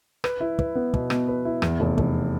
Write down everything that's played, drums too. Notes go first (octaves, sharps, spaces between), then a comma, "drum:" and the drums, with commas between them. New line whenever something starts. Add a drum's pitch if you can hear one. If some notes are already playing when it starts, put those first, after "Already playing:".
B4, drum: rim click
E4
B4, drum: kick
B3
B2, drum: kick
B2, drum: rim click
B4
E4
E2, drum: rim click
F1
F1, drum: kick